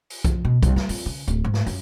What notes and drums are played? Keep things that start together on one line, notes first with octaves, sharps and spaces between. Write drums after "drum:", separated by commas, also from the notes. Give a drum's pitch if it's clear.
drum: open hi-hat
F3, drum: kick B1, hi-hat
B2
C2, drum: kick B1, hi-hat
G3, drum: snare
F2, drum: open hi-hat
C#3
D1, drum: hi-hat
G#2
drum: snare
F#2, drum: open hi-hat